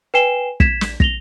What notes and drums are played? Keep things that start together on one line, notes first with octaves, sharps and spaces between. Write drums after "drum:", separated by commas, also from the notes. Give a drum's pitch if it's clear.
B4 G5 G#5 C7 E7 G7
G#6 B6 E7, drum: kick
drum: snare
A#6 F7 G7, drum: kick